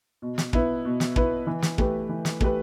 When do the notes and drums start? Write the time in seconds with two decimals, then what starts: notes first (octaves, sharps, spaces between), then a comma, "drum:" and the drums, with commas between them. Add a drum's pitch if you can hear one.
0.22 B2
0.38 drum: snare
0.53 B3 E4 B4, drum: kick
0.85 B2
1.00 drum: snare
1.16 B3 E4 B4, drum: kick
1.47 E3
1.62 drum: snare
1.78 A3 G4 B4, drum: kick
2.09 E3
2.25 drum: snare
2.41 A3 G4 B4, drum: kick